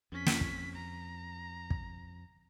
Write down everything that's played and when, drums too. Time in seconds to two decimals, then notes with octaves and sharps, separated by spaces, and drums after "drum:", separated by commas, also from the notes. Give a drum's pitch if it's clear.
0.12 F2 C#4 B6
0.26 drum: snare
0.41 drum: kick
0.76 A#5
1.70 drum: kick